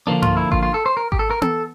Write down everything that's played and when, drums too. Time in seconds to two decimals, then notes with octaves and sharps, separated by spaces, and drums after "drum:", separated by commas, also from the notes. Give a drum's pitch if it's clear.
0.07 D3 F3 A#3 D4
0.22 F4, drum: tom G2
0.37 E4
0.52 F4, drum: kick G#1
0.63 F4
0.74 A4
0.86 C5
0.97 A#4
1.12 G4, drum: kick G#1
1.19 A4
1.30 A#4
1.42 A4, drum: tom B3